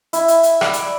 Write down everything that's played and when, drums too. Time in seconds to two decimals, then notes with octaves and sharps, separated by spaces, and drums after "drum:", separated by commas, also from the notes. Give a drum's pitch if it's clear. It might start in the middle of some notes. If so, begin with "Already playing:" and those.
0.13 E4, drum: hi-hat
0.28 drum: hi-hat
0.43 drum: hi-hat
0.61 D5, drum: rim click
0.73 drum: hi-hat